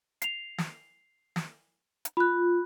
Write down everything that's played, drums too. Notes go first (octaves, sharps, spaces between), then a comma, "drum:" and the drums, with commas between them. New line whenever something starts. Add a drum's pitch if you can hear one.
C7 F7, drum: hi-hat
drum: snare
drum: snare
drum: hi-hat
F4 B5 F#6